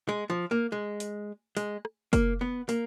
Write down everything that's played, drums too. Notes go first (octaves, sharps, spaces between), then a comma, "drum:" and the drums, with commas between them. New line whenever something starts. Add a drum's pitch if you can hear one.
G#3
F3
A#3
G#3
drum: hi-hat
G#3, drum: hi-hat
drum: rim click
A#3, drum: kick, hi-hat
B3
A#3, drum: hi-hat